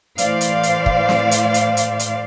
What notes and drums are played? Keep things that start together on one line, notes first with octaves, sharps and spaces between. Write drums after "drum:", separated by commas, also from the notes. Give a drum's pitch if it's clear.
A2 E3 C5 D5 F5, drum: hi-hat
drum: hi-hat
drum: hi-hat
drum: kick
drum: snare C4
drum: hi-hat
drum: hi-hat
drum: hi-hat
drum: hi-hat